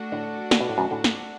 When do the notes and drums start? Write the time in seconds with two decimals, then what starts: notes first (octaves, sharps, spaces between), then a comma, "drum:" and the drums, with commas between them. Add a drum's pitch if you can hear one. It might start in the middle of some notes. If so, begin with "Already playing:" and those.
Already playing: A3 D4 F#4 A4
0.12 A2 D3
0.51 D3, drum: snare
0.60 B2
0.69 A2
0.78 F#2 B2
0.91 A2 D3
1.04 drum: snare